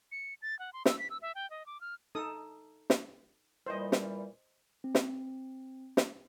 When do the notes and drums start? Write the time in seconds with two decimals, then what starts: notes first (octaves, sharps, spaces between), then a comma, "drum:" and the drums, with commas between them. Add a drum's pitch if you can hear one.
0.12 C#7
0.42 A6
0.59 F#5
0.73 C6
0.85 E6, drum: snare
0.99 B6
1.10 E6
1.22 E5
1.35 G5
1.50 D#5
1.66 D6
1.81 F6
2.15 D#4 A4 D#6
2.90 drum: snare
3.66 A#2 E3 G3 C5 D#5
3.92 drum: snare
4.84 C4
4.95 drum: snare
5.97 drum: snare